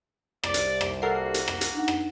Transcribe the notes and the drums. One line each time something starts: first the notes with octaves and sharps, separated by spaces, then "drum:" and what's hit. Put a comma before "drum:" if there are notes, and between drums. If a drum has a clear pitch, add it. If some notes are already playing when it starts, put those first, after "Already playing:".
C2 D5, drum: rim click
drum: hi-hat
drum: rim click
A#3 F#4 A4 A#4 F#5 C7
drum: hi-hat
drum: rim click
drum: hi-hat
D4 D#4 F#5
drum: rim click